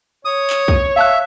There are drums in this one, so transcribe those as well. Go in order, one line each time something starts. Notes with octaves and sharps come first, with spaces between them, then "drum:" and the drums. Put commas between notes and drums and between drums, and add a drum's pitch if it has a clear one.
C#5 D#6
drum: clap
drum: kick B1
E5 F5 A5 F#6